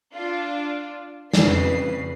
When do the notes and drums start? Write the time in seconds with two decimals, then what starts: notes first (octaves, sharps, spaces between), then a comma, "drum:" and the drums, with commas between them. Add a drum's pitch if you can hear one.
0.13 D4 F4
1.34 F2 C#3 F#3 B4 C7, drum: snare